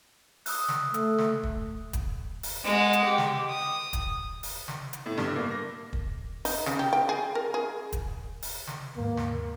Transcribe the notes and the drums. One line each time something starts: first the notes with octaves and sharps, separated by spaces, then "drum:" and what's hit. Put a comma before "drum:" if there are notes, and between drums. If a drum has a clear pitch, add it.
D#6 E6 F#6, drum: open hi-hat
drum: snare
A3 E6, drum: hi-hat
drum: snare
drum: kick
drum: kick, hi-hat
drum: open hi-hat
G#3 F#5
drum: hi-hat
G4
drum: snare
D#6
drum: kick, hi-hat
drum: open hi-hat
drum: snare
drum: hi-hat
A2
G2, drum: snare
A#3
A#6
drum: kick
D#4, drum: open hi-hat
C#3, drum: snare
G4
G5
G#4
A#4
G#4
drum: kick, hi-hat
drum: open hi-hat
drum: snare
D#2 G#2 A#3
drum: snare